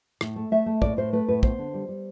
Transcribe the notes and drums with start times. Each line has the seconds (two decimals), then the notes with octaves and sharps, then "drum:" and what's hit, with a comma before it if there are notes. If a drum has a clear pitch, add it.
0.21 A2, drum: rim click
0.36 A3
0.52 A3 E5
0.66 A3
0.82 A2 D5, drum: kick
0.97 A2 C5
1.13 A3 B4
1.28 A2 B4
1.43 B3 C5, drum: kick
1.58 D3
1.74 G3
1.89 G3